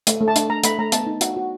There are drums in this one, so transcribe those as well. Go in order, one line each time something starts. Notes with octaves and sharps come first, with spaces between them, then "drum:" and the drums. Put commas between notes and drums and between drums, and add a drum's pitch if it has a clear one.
A3, drum: hi-hat
A3
A5
D4, drum: hi-hat
A3 A#5
A3 B5, drum: hi-hat
A3 A#5
B3 A5, drum: hi-hat
D#4
F#4, drum: hi-hat
F#4